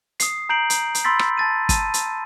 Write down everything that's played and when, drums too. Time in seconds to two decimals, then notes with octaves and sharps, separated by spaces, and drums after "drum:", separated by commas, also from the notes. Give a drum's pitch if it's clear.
0.20 D#6 C7, drum: hi-hat
0.49 A#5 G6 C7 D7 F#7
0.70 drum: hi-hat
0.95 drum: hi-hat
1.04 B5 C6 E6 A6 B6
1.19 drum: rim click
1.37 A5 A6 D#7
1.69 A5 D#7, drum: kick, hi-hat
1.94 drum: hi-hat